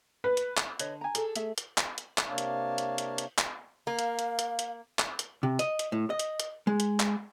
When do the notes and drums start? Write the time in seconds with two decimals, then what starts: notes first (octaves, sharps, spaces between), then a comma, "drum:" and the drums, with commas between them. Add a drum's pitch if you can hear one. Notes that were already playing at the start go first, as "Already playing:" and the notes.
0.24 B4
0.37 drum: hi-hat
0.57 drum: clap
0.79 D3 B4 C#5 D#5, drum: hi-hat
1.01 G#5 A#5
1.15 G#4 A4 A5, drum: hi-hat
1.36 A3 G#4 E5, drum: hi-hat
1.58 drum: hi-hat
1.78 drum: clap
1.98 drum: hi-hat
2.18 drum: clap
2.29 C3 A#3 D4 C#5 F5 A5
2.38 drum: hi-hat
2.78 drum: hi-hat
2.98 drum: hi-hat
3.18 drum: hi-hat
3.38 drum: clap
3.87 A#3 F5
3.99 drum: hi-hat
4.19 drum: hi-hat
4.39 drum: hi-hat
4.59 drum: hi-hat
4.99 drum: clap
5.19 drum: hi-hat
5.43 C3
5.59 D#5, drum: hi-hat
5.79 drum: hi-hat
5.92 A2
6.10 D#5
6.19 drum: hi-hat
6.40 drum: hi-hat
6.67 G#3
6.80 drum: hi-hat
7.00 drum: clap